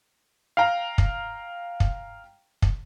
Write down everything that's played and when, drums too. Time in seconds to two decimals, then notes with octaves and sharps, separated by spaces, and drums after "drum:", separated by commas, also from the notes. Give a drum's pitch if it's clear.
0.57 F5 G5 A#5
0.98 drum: kick
1.80 drum: kick
2.62 drum: kick